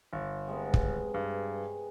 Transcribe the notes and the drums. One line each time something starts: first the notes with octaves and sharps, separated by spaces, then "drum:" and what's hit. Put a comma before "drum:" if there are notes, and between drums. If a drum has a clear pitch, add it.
G1
C3 G#3 B3
drum: kick
G2